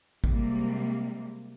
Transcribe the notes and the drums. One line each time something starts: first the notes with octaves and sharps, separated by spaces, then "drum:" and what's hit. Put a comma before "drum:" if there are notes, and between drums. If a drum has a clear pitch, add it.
C3 G3 G#3 A#3, drum: kick G#1